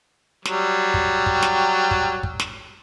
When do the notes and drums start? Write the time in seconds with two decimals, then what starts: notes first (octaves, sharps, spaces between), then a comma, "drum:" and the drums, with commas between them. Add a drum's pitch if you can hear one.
0.45 F#3 G3, drum: snare
0.94 drum: kick
1.26 drum: kick
1.42 drum: snare
1.91 drum: kick
2.23 drum: kick
2.40 drum: snare